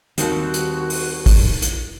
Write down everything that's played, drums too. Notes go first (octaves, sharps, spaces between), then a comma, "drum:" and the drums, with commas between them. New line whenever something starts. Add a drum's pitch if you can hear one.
D#2 D#3 G3 C4 F#4, drum: hi-hat
drum: hi-hat
drum: open hi-hat
drum: kick, open hi-hat
drum: hi-hat